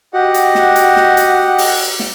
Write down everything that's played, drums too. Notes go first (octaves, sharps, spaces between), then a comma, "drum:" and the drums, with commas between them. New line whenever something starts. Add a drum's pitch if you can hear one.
F#4 G4 D#5 F#5
drum: hi-hat
drum: snare
drum: hi-hat
drum: snare
drum: hi-hat
drum: open hi-hat
drum: snare